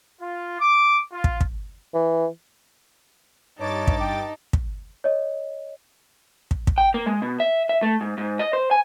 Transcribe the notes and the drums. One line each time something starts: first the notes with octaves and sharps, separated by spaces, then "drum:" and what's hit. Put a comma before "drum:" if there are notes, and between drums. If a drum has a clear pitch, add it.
F4
D6
F4
drum: kick
drum: kick
E3
G2 D#4 C#5 A5 D6 A6
drum: kick
G5
drum: kick
C#5 D#5
drum: kick
drum: kick
G5
A#3
G#3
B2
E5
E5
A3
G#2
G#2
D#5
C5
G#5